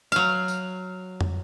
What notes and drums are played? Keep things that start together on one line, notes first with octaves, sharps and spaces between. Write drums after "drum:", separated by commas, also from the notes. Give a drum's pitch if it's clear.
F#3 F5
drum: tambourine
drum: tom